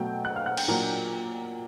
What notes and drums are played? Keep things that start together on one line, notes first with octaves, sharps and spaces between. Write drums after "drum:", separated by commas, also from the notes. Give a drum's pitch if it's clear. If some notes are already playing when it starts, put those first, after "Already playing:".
Already playing: B2 F#3 A3 G5 G6
F#5 F#6
F5 F6
F#5 F#6
G5 G6, drum: cymbal
A#2 F#3 A#3 D4